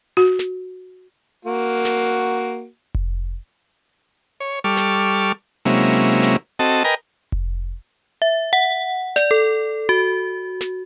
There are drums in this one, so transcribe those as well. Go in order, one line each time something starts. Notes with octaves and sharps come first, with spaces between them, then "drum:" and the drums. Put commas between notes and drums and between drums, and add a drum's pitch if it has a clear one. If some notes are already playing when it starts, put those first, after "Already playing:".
F#4
drum: snare
A#3 F#4
drum: snare
drum: kick F1
C#5
G3 A4 C#6 D6 F6
drum: snare
C3 F#3 G#3 A#3 C#4 E4
drum: snare
C4 F#4 A4 D#5 A5
A#4 B4 D#5 G5 G#5 A#5
drum: kick F1
E5
F#5
D5, drum: snare
A4
F#4
drum: snare